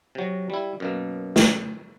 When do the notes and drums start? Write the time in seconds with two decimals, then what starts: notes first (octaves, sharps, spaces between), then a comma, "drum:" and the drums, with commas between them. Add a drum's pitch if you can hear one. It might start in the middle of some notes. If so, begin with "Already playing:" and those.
0.15 C3 F#3
0.50 G3 E4
0.80 F#2 B2 A#3
1.36 drum: snare